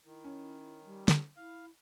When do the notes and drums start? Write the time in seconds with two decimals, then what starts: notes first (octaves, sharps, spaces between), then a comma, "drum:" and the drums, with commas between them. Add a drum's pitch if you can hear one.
0.05 D#3 E4
0.24 C#4
0.85 G3
1.08 drum: snare
1.37 E4 F5